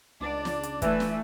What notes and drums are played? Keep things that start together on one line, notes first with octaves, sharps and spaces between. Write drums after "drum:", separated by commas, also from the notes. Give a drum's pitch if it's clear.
C#2 D4 D5
drum: snare
drum: hi-hat
E3 A3, drum: kick, hi-hat
drum: snare